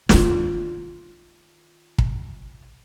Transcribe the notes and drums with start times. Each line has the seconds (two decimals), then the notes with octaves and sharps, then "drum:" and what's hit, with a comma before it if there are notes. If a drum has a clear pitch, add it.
0.09 D#3 F4, drum: snare
1.98 drum: kick